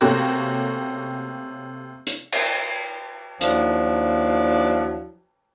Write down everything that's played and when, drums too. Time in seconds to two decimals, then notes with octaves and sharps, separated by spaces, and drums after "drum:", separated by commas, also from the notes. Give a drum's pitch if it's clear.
0.01 C3 A3 A#3 C#4 F#4 G4
2.07 drum: hi-hat
2.32 drum: cymbal
3.41 D#2 F3 F#3 D4 E4, drum: hi-hat